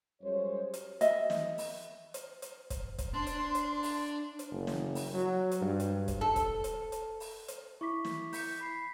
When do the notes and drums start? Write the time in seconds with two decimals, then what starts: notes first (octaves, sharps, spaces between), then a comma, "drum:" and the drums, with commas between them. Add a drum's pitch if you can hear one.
0.22 F#2 G3 G#3 C5 C#5
0.74 drum: hi-hat
1.01 D#5 E5, drum: hi-hat
1.30 drum: snare
1.58 drum: open hi-hat
2.14 drum: hi-hat
2.42 drum: hi-hat
2.70 drum: kick, hi-hat
2.98 drum: kick, hi-hat
3.14 D4 C6
3.27 drum: hi-hat
3.55 drum: hi-hat
3.83 drum: open hi-hat
4.39 drum: hi-hat
4.51 F#1
4.67 drum: snare
4.95 drum: open hi-hat
5.14 F#3
5.51 drum: hi-hat
5.61 G2
5.80 drum: hi-hat
6.08 drum: kick, hi-hat
6.21 A4
6.36 drum: kick, hi-hat
6.64 drum: hi-hat
6.92 drum: hi-hat
7.20 drum: open hi-hat
7.48 drum: hi-hat
7.81 E4 C#6 D6 B6
8.05 drum: snare
8.33 G6 B6 C#7, drum: open hi-hat
8.61 B5 B6 C7